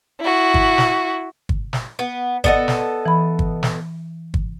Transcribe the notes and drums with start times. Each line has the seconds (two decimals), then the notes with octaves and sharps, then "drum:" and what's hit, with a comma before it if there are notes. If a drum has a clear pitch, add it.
0.20 E4 F#4
0.54 drum: kick
0.78 drum: snare
1.49 drum: kick
1.73 drum: snare
1.99 B3
2.44 B3 A4 D5 D#5 F#5, drum: kick
2.68 drum: snare
3.06 E3 B5
3.39 drum: kick
3.63 drum: snare
4.34 drum: kick